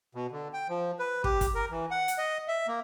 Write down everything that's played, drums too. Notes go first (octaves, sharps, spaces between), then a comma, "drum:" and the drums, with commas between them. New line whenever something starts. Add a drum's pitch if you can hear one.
B2
D3
G5
F3
B4
G4, drum: kick
drum: kick, hi-hat
A#4
E3
F#5
drum: hi-hat
D#5
E5
A#3